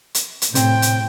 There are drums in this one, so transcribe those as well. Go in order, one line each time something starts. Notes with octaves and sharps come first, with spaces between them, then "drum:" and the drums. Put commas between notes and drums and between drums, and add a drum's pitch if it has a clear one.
drum: hi-hat
drum: hi-hat
A2 C3 C4 G5, drum: hi-hat
drum: hi-hat